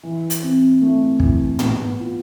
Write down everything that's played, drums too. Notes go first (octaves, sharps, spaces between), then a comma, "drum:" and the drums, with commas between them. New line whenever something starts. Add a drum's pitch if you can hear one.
E3
drum: hi-hat
C4
A3
E3, drum: kick
B3, drum: tom
F4